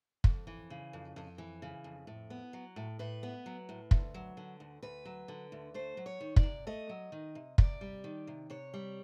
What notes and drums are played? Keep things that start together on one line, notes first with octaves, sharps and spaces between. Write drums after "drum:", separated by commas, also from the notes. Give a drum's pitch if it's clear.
F2, drum: kick
E3
C#3
F2
F2
E3
C#3
F2
A2
B3
F#3
A2
A2 B4
B3
F#3
A2
D2, drum: kick
F#3
D3
D2
D2 B4
F#3
D3
D2
A3 C5
F#3
C#5
D#3
D5, drum: kick
C3
A3 D#5
F#3
D#3
C3
C3 D5, drum: kick
G3
D#3
C3
C3 C#5
G3